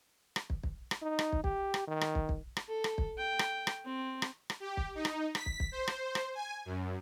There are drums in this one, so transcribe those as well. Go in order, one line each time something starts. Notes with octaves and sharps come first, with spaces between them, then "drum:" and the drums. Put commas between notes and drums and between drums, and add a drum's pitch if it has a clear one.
drum: rim click
drum: kick
drum: kick
drum: rim click
D#4
drum: rim click
drum: kick
G4, drum: kick
drum: rim click
D#3
drum: rim click
drum: kick
drum: kick
drum: rim click
A4
drum: rim click
drum: kick
G5
drum: rim click
drum: rim click
C4
drum: rim click
drum: rim click
G4
drum: kick
D#4
drum: rim click
B6, drum: rim click
drum: kick
drum: kick
C5
drum: rim click
drum: rim click
G#5
F#2